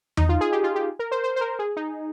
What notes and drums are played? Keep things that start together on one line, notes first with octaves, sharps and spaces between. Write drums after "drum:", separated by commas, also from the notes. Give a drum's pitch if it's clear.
D#4, drum: tom E2
F4
G#4
G4
F4
G4
A#4
C5
C5
C5
A#4
G#4
D#4